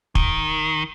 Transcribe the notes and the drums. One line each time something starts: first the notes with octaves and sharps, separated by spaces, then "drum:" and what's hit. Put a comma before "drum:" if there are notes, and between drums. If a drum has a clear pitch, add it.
D#3, drum: kick